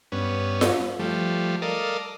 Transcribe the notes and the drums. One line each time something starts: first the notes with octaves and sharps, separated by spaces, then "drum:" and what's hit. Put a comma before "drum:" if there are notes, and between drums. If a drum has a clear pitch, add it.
G2 B3 C#4
drum: snare F4
F3 G3 A3
A4 A#4 D5 D#5 F5